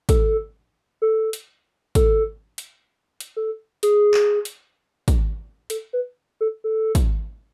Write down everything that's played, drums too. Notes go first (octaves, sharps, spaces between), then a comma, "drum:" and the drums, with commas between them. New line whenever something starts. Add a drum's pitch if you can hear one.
A4, drum: kick, hi-hat
A4
drum: hi-hat
A4, drum: kick, hi-hat
drum: hi-hat
drum: hi-hat
A4
G#4, drum: hi-hat
drum: clap
drum: hi-hat
drum: kick, hi-hat
A4, drum: hi-hat
B4
A4
A4
drum: kick, hi-hat